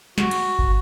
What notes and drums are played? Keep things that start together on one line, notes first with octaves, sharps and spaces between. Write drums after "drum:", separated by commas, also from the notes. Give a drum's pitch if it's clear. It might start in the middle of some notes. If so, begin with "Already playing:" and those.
F#4, drum: snare
drum: cymbal
drum: kick